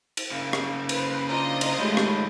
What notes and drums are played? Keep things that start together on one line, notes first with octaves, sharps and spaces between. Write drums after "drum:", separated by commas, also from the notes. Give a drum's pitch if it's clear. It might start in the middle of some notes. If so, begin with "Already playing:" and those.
drum: cymbal
C#3 A#3
drum: rim click
B4 C5, drum: cymbal
D4 F4 C5 D#5 A#5
drum: cymbal
D#3 F3 G#3 A3 G4 C#5 B5
drum: rim click